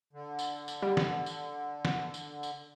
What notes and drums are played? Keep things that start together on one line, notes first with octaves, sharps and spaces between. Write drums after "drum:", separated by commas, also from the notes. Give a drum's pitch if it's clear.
D3
drum: tambourine
drum: tambourine
G3
drum: snare
drum: tambourine
drum: snare
drum: tambourine
drum: tambourine